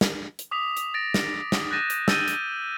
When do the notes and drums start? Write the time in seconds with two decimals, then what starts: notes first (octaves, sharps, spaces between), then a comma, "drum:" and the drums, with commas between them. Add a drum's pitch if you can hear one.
0.01 drum: snare
0.39 drum: hi-hat
0.51 D6 D#6 B6 F7
0.77 drum: hi-hat
0.94 A6 A#6 D7
1.14 drum: snare
1.52 drum: snare
1.71 F#6 G6 A6 A#6 D#7 E7
1.90 drum: hi-hat
2.08 E6 G6 A6 D7 D#7 G7, drum: snare
2.28 drum: hi-hat